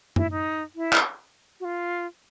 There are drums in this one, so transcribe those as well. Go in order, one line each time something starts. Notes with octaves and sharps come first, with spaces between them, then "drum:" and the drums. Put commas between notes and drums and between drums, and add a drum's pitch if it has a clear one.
E4, drum: tom F#2
D#4
E4
drum: clap
F#4
F4